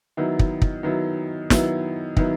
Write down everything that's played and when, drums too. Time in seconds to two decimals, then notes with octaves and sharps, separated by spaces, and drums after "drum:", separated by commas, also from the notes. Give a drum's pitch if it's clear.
0.17 D#3 F#3 B3 E4
0.39 drum: kick
0.62 drum: kick
0.83 D#3 F#3 B3 E4
1.50 D#3 F#3 B3 E4, drum: snare
2.17 D#3 F#3 B3 E4, drum: kick